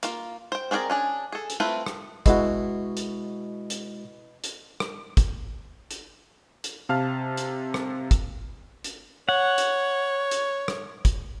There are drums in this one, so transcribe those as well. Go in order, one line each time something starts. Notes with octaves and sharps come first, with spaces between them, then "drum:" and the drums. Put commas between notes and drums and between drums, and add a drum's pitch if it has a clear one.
A#3 F4, drum: hi-hat
C5 G5
C4 D4 G#4 A#4 D5
C#4 D4 G#4
G#4 A4
drum: hi-hat
A3 C4 E4 F4 B4
drum: rim click
B2 G#3 E4 F#4, drum: kick, hi-hat
drum: hi-hat
drum: hi-hat
drum: hi-hat
drum: rim click
drum: kick, hi-hat
drum: hi-hat
drum: hi-hat
C3 F5 A5 F6
drum: hi-hat
drum: rim click
drum: kick, hi-hat
drum: hi-hat
C#5 F#5
drum: hi-hat
drum: hi-hat
drum: rim click
drum: kick, hi-hat